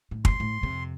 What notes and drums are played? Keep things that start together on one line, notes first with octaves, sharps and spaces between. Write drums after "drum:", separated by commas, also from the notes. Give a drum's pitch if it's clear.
A2
C6, drum: kick
A2
F2 C3